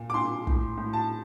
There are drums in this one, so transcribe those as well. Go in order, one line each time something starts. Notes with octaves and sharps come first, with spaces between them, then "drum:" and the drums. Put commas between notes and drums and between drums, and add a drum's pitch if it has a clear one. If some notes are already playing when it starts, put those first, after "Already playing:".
Already playing: A#2
D6
A#2 C6
A2, drum: kick
A2
A5